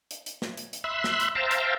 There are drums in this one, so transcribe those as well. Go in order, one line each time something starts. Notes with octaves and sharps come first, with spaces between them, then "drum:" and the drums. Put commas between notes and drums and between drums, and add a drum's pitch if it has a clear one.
drum: hi-hat
drum: hi-hat
drum: snare
drum: hi-hat
drum: hi-hat
E5 B5 C6 E6 F#6
drum: snare
drum: hi-hat
C5 E5 F5 G5 A5 A#5
drum: hi-hat